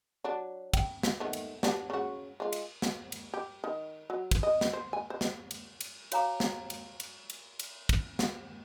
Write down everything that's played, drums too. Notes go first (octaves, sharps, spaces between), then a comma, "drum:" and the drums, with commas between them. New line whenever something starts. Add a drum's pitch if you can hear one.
F#3 D4
G5, drum: kick, cymbal
drum: snare
D#3 A3 B3
drum: cymbal
G3 B3 D4, drum: snare
C#3 F#4
G#3 F4
drum: cymbal
drum: snare
drum: cymbal
G4
D#3
F#3
drum: kick, cymbal
D#5
drum: snare
C5
G#5
C5
drum: snare
drum: cymbal
drum: cymbal
F#4 C#5 F5 G#5 A#5 D6, drum: cymbal
drum: snare
drum: cymbal
drum: cymbal
drum: cymbal
drum: cymbal
drum: kick, cymbal
drum: snare